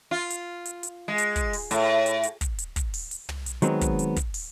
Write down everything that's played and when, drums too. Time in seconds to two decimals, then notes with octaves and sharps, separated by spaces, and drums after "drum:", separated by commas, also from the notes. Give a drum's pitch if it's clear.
0.11 F4
0.30 drum: hi-hat
0.65 drum: hi-hat
0.83 drum: hi-hat
1.08 G#3
1.18 drum: hi-hat
1.36 drum: kick, hi-hat
1.53 drum: open hi-hat
1.71 A2, drum: hi-hat
2.06 drum: hi-hat
2.23 drum: hi-hat
2.41 drum: kick, hi-hat
2.58 drum: hi-hat
2.76 drum: kick, hi-hat
2.94 drum: open hi-hat
3.11 drum: hi-hat
3.29 drum: tom
3.46 drum: hi-hat
3.62 D#3 F#3 G#3 B3 C4, drum: hi-hat
3.81 drum: kick, hi-hat
3.99 drum: hi-hat
4.16 drum: kick, hi-hat
4.34 drum: open hi-hat